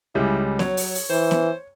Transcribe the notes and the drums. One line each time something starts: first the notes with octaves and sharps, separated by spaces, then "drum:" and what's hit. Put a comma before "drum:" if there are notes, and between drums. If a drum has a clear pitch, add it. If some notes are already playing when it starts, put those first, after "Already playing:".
C#2 G3 G#3 E4
F#3 C#5, drum: snare B3
drum: open hi-hat
drum: open hi-hat
E3 C5
drum: snare B3